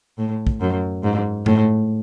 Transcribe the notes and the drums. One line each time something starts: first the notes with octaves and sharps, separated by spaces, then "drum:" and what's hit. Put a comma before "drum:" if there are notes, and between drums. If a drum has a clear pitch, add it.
A2
drum: kick
F#2
G#2
A2, drum: tom G2